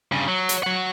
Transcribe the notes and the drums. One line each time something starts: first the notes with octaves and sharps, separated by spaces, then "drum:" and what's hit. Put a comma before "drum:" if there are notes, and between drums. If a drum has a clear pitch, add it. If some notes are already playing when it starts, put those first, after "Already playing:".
G2 C#3
F#3
drum: hi-hat
F#3 F#5